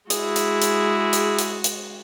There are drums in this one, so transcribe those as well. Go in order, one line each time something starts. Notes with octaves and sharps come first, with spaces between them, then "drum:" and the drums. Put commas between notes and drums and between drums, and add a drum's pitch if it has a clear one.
G#3 E4 F#4 G#4, drum: hi-hat
drum: hi-hat
drum: hi-hat
drum: hi-hat
drum: hi-hat
drum: hi-hat